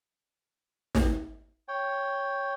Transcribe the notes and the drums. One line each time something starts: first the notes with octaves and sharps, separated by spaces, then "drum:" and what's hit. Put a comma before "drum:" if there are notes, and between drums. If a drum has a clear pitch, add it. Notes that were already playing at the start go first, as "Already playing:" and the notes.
drum: snare
C#5 G5